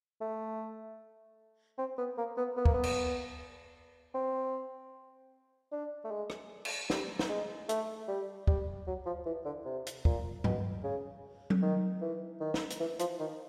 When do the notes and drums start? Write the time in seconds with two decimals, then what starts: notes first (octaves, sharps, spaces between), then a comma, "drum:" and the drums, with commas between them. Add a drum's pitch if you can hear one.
0.21 A3
1.79 C4
1.98 B3
2.18 A#3
2.37 B3
2.57 B3
2.65 A#3, drum: kick
2.74 B3
2.83 drum: cymbal
4.14 C4
5.72 D4
6.05 A3
6.11 G#3
6.30 drum: rim click
6.65 drum: cymbal
6.90 G3, drum: snare
7.19 drum: snare
7.29 G#3
7.69 A3, drum: hi-hat
8.08 G3
8.47 G3, drum: kick
8.87 F#3
9.06 F3
9.26 E3
9.45 D3
9.66 C3
9.86 drum: hi-hat
10.05 A#2, drum: kick
10.44 B2, drum: tom G2
10.84 C#3
11.50 drum: tom F#3
11.62 D#3
12.01 E3
12.40 D#3
12.54 drum: snare
12.70 drum: hi-hat
12.80 E3
12.99 F3, drum: hi-hat
13.20 D#3